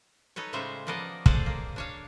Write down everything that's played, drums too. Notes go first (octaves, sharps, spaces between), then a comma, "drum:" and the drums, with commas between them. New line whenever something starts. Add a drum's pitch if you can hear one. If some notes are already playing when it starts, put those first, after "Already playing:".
D#4 A4 B4 C#5
A2 C#3 G3 G#3 C5 E5
F3 A#3 B3 D5 D#5
G#4 A4 C5 D5 F5 F#5, drum: kick
A#3
D4 C#5 F5